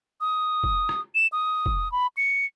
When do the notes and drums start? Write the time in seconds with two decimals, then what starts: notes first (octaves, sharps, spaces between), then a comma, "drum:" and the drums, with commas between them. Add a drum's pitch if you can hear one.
0.21 D#6
0.64 drum: kick F1
0.89 drum: rim click
1.15 E7
1.32 D#6
1.66 drum: kick F1
1.92 B5
2.17 C#7